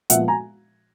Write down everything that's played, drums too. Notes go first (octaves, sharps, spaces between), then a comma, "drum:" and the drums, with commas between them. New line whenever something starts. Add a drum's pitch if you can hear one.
A#2 F3 G#3 B3 E5 F#5, drum: hi-hat
G#5 A#5